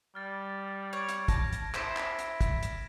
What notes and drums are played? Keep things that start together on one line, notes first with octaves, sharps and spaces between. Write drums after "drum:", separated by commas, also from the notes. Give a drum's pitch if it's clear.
G3 F6 A6
C#5 G#6 D7
drum: hi-hat
A5 A#6 D7, drum: kick, hi-hat
drum: hi-hat
E4 C5 B6 D7 E7, drum: clap
drum: clap
drum: hi-hat
drum: kick, hi-hat
drum: hi-hat